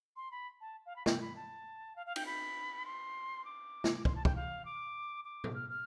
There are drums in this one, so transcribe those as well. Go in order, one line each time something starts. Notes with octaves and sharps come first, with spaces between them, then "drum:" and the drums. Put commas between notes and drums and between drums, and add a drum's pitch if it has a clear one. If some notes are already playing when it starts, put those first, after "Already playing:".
C6
B5
A5
F5
B5
G5, drum: snare
B5
A5
F5
F5
G5, drum: cymbal
B5
C6
D6
drum: snare
C6, drum: kick
A5
G5, drum: kick
F5
D6
D6
drum: tom A2
F6
F6